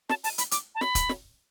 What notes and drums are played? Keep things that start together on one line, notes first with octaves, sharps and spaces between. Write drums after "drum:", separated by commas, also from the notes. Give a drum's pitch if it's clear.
A5, drum: snare
A5, drum: open hi-hat
B5, drum: hi-hat
D6, drum: hi-hat
A5
B5, drum: snare
drum: kick, hi-hat
drum: snare